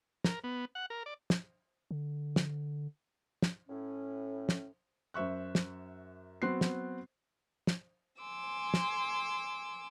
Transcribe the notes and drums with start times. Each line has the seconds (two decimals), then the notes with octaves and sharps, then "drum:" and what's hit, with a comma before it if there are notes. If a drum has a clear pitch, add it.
0.24 A#4, drum: snare
0.44 B3
0.75 F#5
0.90 A#4
1.06 D5
1.30 drum: snare
1.91 D3
2.36 drum: snare
3.42 drum: snare
3.69 A2 C#4
4.49 drum: snare
5.14 F#2 C5 E5 C#6 F#6
5.55 drum: snare
6.42 F#3 B3 C4 C6 F#6 C7
6.61 drum: snare
7.67 drum: snare
8.20 G#5 C6 D6 E6
8.74 drum: snare